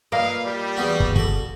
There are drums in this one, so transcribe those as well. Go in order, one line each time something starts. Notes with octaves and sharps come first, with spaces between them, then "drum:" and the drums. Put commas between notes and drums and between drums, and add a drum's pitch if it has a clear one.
A#2 A#3 B4 D#5 F5
G3
E2 B3 F#4
drum: kick
F#4 A4, drum: kick